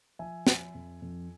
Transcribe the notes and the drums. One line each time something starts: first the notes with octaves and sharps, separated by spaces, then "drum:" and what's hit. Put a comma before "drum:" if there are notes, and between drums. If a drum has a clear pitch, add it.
F3 E5 G#5
F3, drum: snare
F2
F2